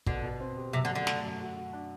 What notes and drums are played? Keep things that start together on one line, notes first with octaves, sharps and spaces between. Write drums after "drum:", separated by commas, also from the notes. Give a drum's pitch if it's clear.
B2 D3, drum: kick
B2
C4
G4
F#2 C3
D3
F#2
D3
A3, drum: snare
F#2
F#4
F#4
D4